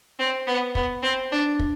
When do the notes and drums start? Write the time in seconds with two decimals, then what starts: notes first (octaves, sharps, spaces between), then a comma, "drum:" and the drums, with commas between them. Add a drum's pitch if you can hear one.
0.19 C4
0.47 B3
0.75 B3, drum: kick
1.03 C4
1.32 D4
1.59 drum: kick